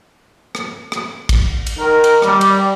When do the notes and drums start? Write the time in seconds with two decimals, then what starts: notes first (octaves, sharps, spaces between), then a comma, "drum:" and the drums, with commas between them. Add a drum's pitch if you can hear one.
0.55 drum: rim click
0.92 drum: rim click
1.29 drum: kick, cymbal
1.67 drum: cymbal
1.79 D#3 A#4
2.04 drum: cymbal
2.22 G3, drum: rim click
2.41 drum: cymbal